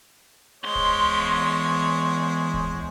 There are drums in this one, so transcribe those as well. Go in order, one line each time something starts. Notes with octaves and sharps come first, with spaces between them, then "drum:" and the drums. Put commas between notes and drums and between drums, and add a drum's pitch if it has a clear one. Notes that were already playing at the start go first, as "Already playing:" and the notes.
E2 G#3 C5 C#5 C6
drum: kick D1
drum: kick D1